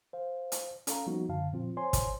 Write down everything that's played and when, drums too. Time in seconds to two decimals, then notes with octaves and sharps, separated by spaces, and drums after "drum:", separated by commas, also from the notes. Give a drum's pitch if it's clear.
0.13 C5 F5
0.52 drum: hi-hat
0.87 C#4 A4 F5 A#5, drum: hi-hat
1.07 F3 G3 A#3 B3 D#4 F#4
1.29 F#2 D3 F5 A5
1.52 A#2 F3 C4 F4
1.77 C5 C#5 G#5 C6
1.93 drum: kick, hi-hat